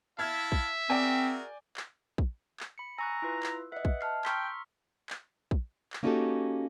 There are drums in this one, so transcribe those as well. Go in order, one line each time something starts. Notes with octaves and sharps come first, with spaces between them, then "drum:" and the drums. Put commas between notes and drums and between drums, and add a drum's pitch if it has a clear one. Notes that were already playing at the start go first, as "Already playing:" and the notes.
E4 E5 F5 A5 F6 G#6
drum: kick
C4 F#4 G#4 A#4 D5 G5 G#5
drum: clap
drum: kick
drum: clap
B5 C#7
G#5 A#5 C#6 E6 F#6
E4 F4 B4
drum: clap
B4 D#5 E5 F#5
drum: kick
A5 F6 C7
G5 A#5 C6 C#6 E6 F6 B6, drum: clap
drum: clap
drum: kick
drum: clap
A#3 C#4 D#4 F#4 G4 A4